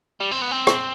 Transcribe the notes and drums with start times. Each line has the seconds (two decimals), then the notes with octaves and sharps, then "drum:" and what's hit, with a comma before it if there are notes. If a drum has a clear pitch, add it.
0.20 G3
0.32 C4
0.42 B3
0.52 C4
0.67 drum: rim click